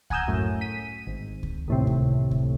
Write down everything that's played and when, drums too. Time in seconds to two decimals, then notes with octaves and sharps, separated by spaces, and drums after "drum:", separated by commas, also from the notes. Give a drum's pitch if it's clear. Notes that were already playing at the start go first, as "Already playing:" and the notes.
0.10 F#5 G#5 A#5 D#6 E6 G6, drum: kick C#2
0.27 F#2 A2
0.61 B6 D#7
1.07 G#1
1.43 drum: kick C#2
1.68 D#2 A2 C3
1.87 drum: kick C#2
2.31 drum: kick C#2